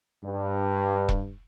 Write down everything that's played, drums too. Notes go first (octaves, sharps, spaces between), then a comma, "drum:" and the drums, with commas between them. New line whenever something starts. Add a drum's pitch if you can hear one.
G2
drum: kick E1